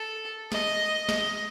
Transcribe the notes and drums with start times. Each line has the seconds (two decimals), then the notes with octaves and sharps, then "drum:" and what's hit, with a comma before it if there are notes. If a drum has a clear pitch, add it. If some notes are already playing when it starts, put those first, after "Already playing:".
Already playing: A4
0.52 D#5, drum: snare
1.09 D#5, drum: snare